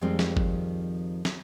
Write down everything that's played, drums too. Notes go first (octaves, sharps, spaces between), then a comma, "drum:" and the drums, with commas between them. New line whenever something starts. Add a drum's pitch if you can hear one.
F2 D#3 F3 G3 G#3 C4
drum: snare
drum: kick G1
drum: snare